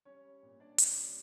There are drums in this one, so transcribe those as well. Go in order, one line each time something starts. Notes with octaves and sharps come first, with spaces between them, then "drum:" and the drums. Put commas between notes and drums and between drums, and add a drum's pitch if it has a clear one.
G3 C#4 C#5
G3
A#2
G3 D4 D5
A#2, drum: hi-hat
G3